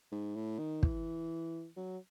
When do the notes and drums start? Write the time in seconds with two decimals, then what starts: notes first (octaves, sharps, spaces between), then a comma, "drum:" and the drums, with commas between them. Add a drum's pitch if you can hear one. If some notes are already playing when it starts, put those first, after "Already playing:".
0.12 G#2
0.35 A2
0.59 D#3
0.83 E3, drum: kick
1.76 F#3